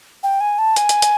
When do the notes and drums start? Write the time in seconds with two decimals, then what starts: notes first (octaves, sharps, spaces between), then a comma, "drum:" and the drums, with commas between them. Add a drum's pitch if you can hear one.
0.23 G5
0.41 G#5
0.59 A5
0.76 G#5, drum: hi-hat
0.89 drum: hi-hat
1.02 drum: hi-hat